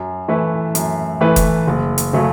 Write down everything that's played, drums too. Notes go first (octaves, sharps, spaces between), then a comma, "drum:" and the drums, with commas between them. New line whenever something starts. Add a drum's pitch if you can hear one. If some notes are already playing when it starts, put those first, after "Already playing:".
Already playing: F#2
E3 A3 E4 B4
F#2, drum: hi-hat
E3 A3 E4 B4
drum: kick F#1, hi-hat
F#1
drum: hi-hat
C#3 F#3 A3